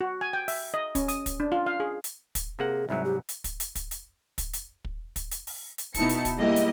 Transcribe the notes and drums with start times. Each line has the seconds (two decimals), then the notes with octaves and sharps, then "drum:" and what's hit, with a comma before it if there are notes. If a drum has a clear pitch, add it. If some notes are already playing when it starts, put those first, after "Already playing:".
0.01 F#4
0.21 G#5
0.33 G5
0.48 E5, drum: open hi-hat
0.74 D#5
0.95 C#4, drum: kick, hi-hat
1.08 D#6, drum: hi-hat
1.26 drum: kick, hi-hat
1.40 D4
1.52 F4
1.66 F5
1.80 G#4
2.04 drum: hi-hat
2.35 drum: kick, hi-hat
2.59 C3 A#3 G#4 F#5
2.89 C2 G#2 F#3 E5
3.05 G4
3.29 drum: hi-hat
3.44 drum: kick, hi-hat
3.60 drum: hi-hat
3.75 drum: kick, hi-hat
3.91 drum: hi-hat
4.38 drum: kick, hi-hat
4.53 drum: hi-hat
4.85 drum: kick
5.16 drum: kick, hi-hat
5.31 drum: hi-hat
5.47 drum: open hi-hat
5.78 drum: hi-hat
5.94 B2 D#4 E4 A5 C#7, drum: kick, hi-hat
6.09 drum: hi-hat
6.25 drum: kick, hi-hat
6.37 G3 G#3 A#3 E4 G4 D#5
6.56 drum: hi-hat